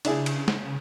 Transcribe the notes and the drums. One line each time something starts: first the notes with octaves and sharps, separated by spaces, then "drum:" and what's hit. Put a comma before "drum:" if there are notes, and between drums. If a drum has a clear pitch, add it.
C#3 D4 E4 G#4, drum: cymbal
drum: cymbal
drum: snare